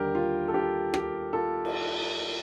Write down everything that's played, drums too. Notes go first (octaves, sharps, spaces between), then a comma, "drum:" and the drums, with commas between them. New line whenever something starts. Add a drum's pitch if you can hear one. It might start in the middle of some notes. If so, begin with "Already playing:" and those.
Already playing: D#2 D3 G3 G4 A#4
F4
A4
G4
G4, drum: rim click
F4 A4
drum: cymbal